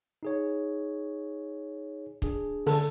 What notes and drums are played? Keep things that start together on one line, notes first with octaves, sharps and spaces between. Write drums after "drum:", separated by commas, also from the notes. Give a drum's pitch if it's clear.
D#4 G#4 C#5
D4 G#4, drum: kick
D3 A4, drum: open hi-hat